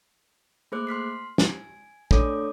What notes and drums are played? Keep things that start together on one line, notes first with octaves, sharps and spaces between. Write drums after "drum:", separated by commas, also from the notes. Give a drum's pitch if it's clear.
A3 A#3 G#4 C5 D6 F#6
C6 F6 B6 C7
G#5, drum: snare
A3 D4 A4 C#5 D6 D#6, drum: kick